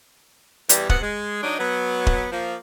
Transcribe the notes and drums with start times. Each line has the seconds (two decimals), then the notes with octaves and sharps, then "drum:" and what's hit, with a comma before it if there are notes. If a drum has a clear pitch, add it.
0.69 E2 E3 G3, drum: hi-hat
0.89 C3 B3 F#5, drum: kick D#1
1.02 G#3
1.43 F#3 D4 D#4
1.59 F#3 B3
2.07 drum: kick D#1
2.32 F3 A#3